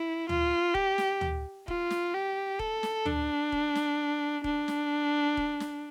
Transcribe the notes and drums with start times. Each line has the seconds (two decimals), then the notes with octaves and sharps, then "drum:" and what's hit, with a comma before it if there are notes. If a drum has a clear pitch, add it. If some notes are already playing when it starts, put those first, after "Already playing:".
Already playing: E4
0.29 F4, drum: tom
0.75 G4, drum: kick D#1
0.98 drum: snare
1.21 drum: tom
1.68 F4, drum: kick D#1
1.90 drum: snare
2.14 G4
2.59 A4, drum: kick D#1
2.83 drum: snare
3.05 D4, drum: tom
3.52 drum: kick D#1
3.75 drum: snare
4.44 D4, drum: kick D#1
4.68 drum: snare
5.37 drum: kick D#1
5.60 drum: snare